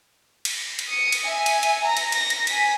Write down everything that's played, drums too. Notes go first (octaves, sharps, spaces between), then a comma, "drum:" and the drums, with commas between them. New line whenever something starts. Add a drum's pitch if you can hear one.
drum: cymbal
drum: cymbal
D#6 C#7
drum: cymbal
E5 G#5
drum: cymbal
drum: cymbal
A#5 A#6
drum: cymbal
A#6, drum: cymbal
drum: cymbal
G#5 B6, drum: cymbal